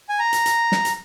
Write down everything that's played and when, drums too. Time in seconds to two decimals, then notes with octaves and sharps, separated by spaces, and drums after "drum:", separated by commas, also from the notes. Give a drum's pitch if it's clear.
0.09 G#5
0.19 A#5
0.33 drum: hi-hat
0.46 drum: hi-hat
0.72 drum: snare
0.85 drum: hi-hat